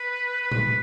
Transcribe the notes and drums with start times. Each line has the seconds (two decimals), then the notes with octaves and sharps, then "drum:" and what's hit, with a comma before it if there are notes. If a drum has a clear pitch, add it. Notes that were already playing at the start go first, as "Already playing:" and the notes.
Already playing: B4
0.42 B4
0.52 drum: tom A#2